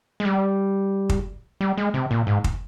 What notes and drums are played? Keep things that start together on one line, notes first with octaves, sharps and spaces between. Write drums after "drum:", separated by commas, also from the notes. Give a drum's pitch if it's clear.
G#3
G3
drum: kick
G3
G#3
C3
A#2
G#2
drum: kick